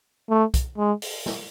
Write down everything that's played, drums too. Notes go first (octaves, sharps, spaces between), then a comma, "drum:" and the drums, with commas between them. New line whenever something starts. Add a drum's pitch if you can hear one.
A3
drum: kick, hi-hat
G#3
drum: open hi-hat
drum: snare